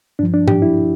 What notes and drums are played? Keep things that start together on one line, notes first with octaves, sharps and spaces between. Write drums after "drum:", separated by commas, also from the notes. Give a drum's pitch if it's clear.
G2 F3 D4
D4
G4, drum: tom G#2
E4